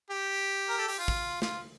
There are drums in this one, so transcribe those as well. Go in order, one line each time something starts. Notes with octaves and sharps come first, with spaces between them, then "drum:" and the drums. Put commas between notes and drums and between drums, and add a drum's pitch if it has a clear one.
G4
A#4
A4
G4, drum: open hi-hat
F4
drum: kick
F4, drum: snare